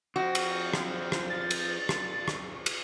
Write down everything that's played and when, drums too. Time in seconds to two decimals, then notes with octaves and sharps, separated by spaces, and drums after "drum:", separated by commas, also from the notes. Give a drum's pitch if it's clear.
0.16 F3 C4 F#4
0.35 drum: cymbal
0.73 drum: rim click
1.12 drum: rim click
1.30 A6
1.51 drum: cymbal
1.89 drum: rim click
2.28 drum: rim click
2.66 drum: cymbal